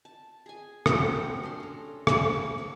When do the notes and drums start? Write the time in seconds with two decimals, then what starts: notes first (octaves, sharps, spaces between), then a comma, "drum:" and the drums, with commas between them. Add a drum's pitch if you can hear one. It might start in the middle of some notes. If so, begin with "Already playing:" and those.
0.05 A5
0.46 G#4 G#5
0.86 A3 C4 F#4 G4, drum: rim click
1.43 C#4 D4 A4 C6
1.60 A4 A#5
2.07 drum: rim click
2.58 A4 C#5